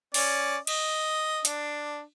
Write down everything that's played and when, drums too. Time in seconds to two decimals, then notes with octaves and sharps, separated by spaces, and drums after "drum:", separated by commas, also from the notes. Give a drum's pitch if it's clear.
0.14 C#4 D5, drum: open hi-hat
0.67 D#5, drum: cymbal
1.45 D4, drum: hi-hat